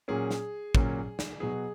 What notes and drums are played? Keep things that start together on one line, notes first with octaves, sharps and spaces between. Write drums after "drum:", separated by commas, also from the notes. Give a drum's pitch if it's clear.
A#2 F#3 A#3 C#4 G#4
drum: snare
A#2 F#3 A#3 C#4, drum: kick
drum: snare
B2 F#3 B3 G#4